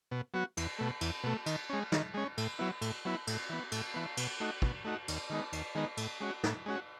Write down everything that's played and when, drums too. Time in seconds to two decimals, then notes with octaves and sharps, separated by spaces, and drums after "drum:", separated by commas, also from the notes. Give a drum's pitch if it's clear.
0.11 B2
0.34 F#3 B3 F#4
0.57 E2, drum: cymbal
0.79 B2 A3
1.01 E2, drum: cymbal
1.24 B2 A3
1.46 D#3, drum: cymbal
1.70 G#3 C#4
1.92 D#3, drum: snare
2.14 G#3 C#4
2.37 A2, drum: cymbal
2.59 F#3 B3 E4
2.81 A2, drum: cymbal
3.05 F#3 B3 E4
3.27 A2, drum: cymbal
3.49 E3 B3
3.72 A2, drum: cymbal
3.94 E3 B3
4.17 B2, drum: cymbal
4.40 A3 D#4 F#4
4.62 B2, drum: kick
4.85 A3 D#4 F#4
5.08 D#2, drum: cymbal
5.30 D#3 G#3 B3 D#4
5.52 D#2, drum: cymbal
5.75 D#3 G#3 B3 D#4
5.97 A2, drum: cymbal
6.20 G#3 C#4 F#4
6.43 A2, drum: snare
6.66 G#3 C#4 F#4